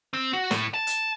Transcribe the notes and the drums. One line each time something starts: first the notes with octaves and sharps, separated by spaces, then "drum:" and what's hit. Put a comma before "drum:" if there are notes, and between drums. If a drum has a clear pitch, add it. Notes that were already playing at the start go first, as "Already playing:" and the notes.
C4
F#4
A2, drum: snare
A5
drum: hi-hat